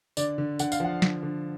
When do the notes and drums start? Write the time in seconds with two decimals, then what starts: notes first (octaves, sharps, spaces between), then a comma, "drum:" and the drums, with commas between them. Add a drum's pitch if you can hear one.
0.17 D3 D5, drum: tambourine
0.38 D3
0.59 D3 F#5, drum: tambourine
0.72 F5, drum: tambourine
0.80 F3 F#5
1.02 D3, drum: snare
1.23 D3